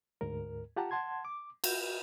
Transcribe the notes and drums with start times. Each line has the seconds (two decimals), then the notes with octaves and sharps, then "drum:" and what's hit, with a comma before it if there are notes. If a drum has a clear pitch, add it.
0.21 D2 G#2 A#4
0.76 F4 G4 F#5 A5 A#5
0.91 F#5 A5 C6 G#6
1.25 D6
1.64 F#4 G6, drum: cymbal